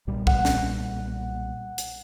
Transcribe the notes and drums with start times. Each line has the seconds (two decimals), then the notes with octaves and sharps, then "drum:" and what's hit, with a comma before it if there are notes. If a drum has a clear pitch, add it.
0.07 B1 A#2 G3
0.27 F#5, drum: kick
0.45 drum: snare
1.78 drum: hi-hat